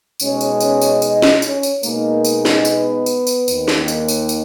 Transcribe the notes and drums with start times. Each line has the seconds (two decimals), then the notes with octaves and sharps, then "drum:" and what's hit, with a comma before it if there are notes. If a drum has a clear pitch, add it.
0.20 B2 G#3 C#4 D#4 C#5, drum: tambourine
0.41 drum: tambourine
0.60 C#4 C#5, drum: tambourine
0.82 drum: tambourine
1.02 D#4 D#5, drum: tambourine
1.22 drum: snare
1.42 C#4 C#5, drum: tambourine
1.63 drum: tambourine
1.83 B2 G#3 A#3 D#4 A#4, drum: tambourine
2.25 drum: tambourine
2.45 drum: snare
2.65 B3 B4, drum: tambourine
3.06 drum: tambourine
3.27 drum: tambourine
3.48 D#2 D#3 A#3, drum: tambourine
3.68 drum: snare
3.88 drum: tambourine
4.08 drum: tambourine
4.29 drum: tambourine